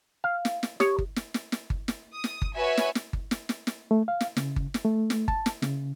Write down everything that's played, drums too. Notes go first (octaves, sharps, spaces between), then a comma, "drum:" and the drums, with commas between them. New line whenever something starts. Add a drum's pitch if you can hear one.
F5
drum: snare
drum: snare
G4 C#5, drum: snare
drum: kick G1
drum: snare
drum: snare
drum: snare
drum: kick G1
drum: snare
D#6
drum: snare
drum: kick G1
F#4 B4 C#5 E5 G#5
drum: snare
drum: snare
drum: kick G1
drum: snare
drum: snare
drum: snare
A3
F5
drum: snare
C#3, drum: snare
drum: kick G1
drum: snare
A3
drum: snare
A5, drum: kick G1
drum: snare
C#3, drum: snare